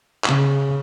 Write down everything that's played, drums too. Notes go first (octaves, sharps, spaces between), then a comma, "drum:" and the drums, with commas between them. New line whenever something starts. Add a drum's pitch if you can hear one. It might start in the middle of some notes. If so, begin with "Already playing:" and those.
C#3, drum: clap